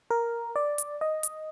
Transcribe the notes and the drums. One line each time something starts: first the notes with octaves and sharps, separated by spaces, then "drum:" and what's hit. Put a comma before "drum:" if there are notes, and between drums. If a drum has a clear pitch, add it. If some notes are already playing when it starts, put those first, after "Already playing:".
A#4
D5
drum: hi-hat
D#5
drum: hi-hat